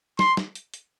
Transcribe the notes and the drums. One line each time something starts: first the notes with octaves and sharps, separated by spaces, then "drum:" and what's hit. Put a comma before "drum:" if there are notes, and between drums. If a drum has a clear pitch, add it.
C6, drum: snare
drum: snare
drum: hi-hat
drum: hi-hat